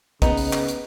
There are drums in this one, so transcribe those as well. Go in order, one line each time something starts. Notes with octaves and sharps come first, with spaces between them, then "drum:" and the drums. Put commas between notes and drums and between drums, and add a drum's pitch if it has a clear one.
C#3 B3 D#4, drum: kick, hi-hat
drum: open hi-hat
drum: clap
drum: hi-hat